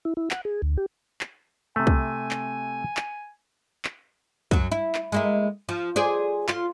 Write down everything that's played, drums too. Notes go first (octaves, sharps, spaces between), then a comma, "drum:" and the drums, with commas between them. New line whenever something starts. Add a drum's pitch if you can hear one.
E4
E4
F#5, drum: clap
G#4
D2
G4
drum: clap
C3 A3 G#5
drum: kick
drum: clap
drum: clap
drum: clap
F#2 F#3, drum: kick
E4
drum: clap
G#3 A#3 E4
F3
G#4 C5 D5
F4, drum: clap